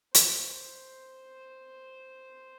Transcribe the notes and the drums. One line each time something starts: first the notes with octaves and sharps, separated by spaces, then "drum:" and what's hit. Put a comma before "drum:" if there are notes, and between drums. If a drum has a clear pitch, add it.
C5, drum: hi-hat